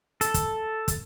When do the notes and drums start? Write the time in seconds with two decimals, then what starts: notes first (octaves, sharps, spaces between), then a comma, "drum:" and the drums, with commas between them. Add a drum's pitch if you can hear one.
0.21 A4, drum: hi-hat
0.34 drum: kick, hi-hat
0.88 drum: kick, hi-hat